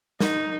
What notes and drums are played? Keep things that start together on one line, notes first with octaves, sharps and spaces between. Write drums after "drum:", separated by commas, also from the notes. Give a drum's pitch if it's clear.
D#4, drum: snare